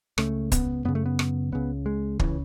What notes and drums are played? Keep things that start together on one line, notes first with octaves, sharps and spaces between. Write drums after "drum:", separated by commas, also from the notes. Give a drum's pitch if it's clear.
C#2 C#3 A3, drum: rim click
B3, drum: kick, hi-hat
F#2 C#3 B3
A3
B3
drum: rim click
C#2 C#3 B3
G#3
C#2 C#3 E3, drum: kick